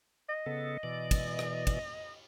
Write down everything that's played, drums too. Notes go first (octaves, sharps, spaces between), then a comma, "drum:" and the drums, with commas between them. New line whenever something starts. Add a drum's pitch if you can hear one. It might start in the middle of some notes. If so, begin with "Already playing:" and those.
D#5
C#3 B3 A4
B2 E3 D5
drum: kick, cymbal
drum: rim click
drum: kick, cymbal